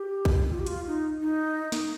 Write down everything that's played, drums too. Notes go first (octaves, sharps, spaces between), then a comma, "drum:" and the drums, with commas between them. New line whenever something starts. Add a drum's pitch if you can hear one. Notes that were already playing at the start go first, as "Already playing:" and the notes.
Already playing: G4
drum: kick A#1
F4
G4
F4, drum: hi-hat
D#4
D#4
drum: snare